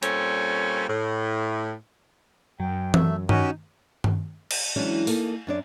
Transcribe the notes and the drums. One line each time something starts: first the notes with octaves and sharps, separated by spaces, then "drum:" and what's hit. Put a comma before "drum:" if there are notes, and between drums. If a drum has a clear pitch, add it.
A#2 G3 C4 C#4 A4 C#5, drum: hi-hat
A2
F#2 F#3 G5
A3 E5, drum: tom E3
C#4 D#4 F#4 G4 A#4 D#5, drum: tom G2
drum: tom G2
drum: cymbal
E3 F#3 G#3 C#4 D4
A#3 D#4 A4, drum: open hi-hat
F#2 D4 D5